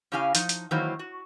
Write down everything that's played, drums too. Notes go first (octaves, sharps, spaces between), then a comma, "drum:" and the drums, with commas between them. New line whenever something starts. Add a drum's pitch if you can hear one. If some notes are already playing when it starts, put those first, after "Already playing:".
C#3 C#4 E4 G4 F5 G#5
F3 D#4, drum: hi-hat
drum: hi-hat
D#3 E3 F#3 A#3 E4 C5
F#4